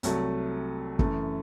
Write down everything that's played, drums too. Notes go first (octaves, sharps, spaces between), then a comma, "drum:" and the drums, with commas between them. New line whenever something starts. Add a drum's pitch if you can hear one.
C2 C3 F#3 A3, drum: hi-hat
F#2 E3 A3, drum: kick